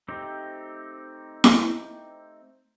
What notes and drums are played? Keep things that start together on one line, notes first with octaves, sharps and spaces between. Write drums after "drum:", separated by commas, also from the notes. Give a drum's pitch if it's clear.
A3 C4 D#4 G4
drum: snare E4